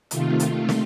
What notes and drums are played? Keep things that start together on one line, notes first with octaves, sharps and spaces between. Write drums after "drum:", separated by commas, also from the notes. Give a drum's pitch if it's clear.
C3 D#3 A3 F4, drum: hi-hat
drum: hi-hat
drum: snare